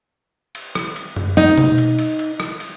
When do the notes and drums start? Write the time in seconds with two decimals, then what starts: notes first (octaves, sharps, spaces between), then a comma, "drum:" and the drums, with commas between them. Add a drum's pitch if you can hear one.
0.55 drum: cymbal
0.75 drum: rim click
0.96 drum: cymbal
1.16 drum: tom F#2
1.37 D#4, drum: cymbal
1.58 drum: tom B2
1.78 drum: cymbal
1.99 drum: cymbal
2.19 drum: cymbal
2.40 drum: rim click
2.60 drum: cymbal